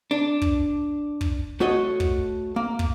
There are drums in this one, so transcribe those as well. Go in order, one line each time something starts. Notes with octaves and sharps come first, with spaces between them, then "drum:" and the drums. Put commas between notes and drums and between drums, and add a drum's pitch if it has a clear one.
D4
drum: kick
drum: kick
A3 F#4 C#5 D#5
drum: kick
A#3
drum: kick